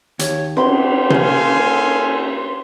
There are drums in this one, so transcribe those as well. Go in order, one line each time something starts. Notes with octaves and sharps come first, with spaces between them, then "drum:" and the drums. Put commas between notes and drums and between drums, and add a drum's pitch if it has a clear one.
D#2 C#5, drum: hi-hat
C4 B5 C6, drum: cymbal
A#3 A4 C5 F5 G#5, drum: tom